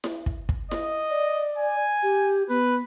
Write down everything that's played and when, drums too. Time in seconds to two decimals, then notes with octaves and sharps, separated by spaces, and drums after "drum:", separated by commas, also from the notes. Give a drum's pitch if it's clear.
0.04 drum: snare E4
0.26 drum: kick
0.49 drum: kick
0.71 D#5, drum: snare E4
1.10 D5
1.58 G#5
2.03 G4
2.49 B3 B4